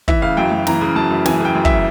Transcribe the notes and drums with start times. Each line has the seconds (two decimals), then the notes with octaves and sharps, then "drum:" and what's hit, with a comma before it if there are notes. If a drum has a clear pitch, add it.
0.08 E3 E5, drum: kick
0.22 C#3 F5
0.37 F#2 G5
0.52 F#2
0.67 E3 A#5, drum: snare
0.81 C#3
0.96 F#2 A5
1.11 F#2
1.26 E3 G#5, drum: snare
1.40 C#3
1.45 G5
1.55 F#2
1.65 E5, drum: kick